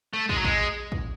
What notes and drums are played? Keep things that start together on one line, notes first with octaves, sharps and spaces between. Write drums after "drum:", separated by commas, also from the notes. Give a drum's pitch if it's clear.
A3
G#3, drum: kick
F#3
G#3, drum: kick
drum: kick